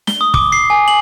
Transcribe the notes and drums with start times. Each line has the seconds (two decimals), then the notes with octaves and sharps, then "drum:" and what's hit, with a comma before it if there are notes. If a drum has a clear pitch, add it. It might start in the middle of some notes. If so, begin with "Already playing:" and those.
0.07 G7, drum: snare
0.21 D#6
0.34 D6, drum: kick
0.52 C7
0.70 G#5
0.88 F#7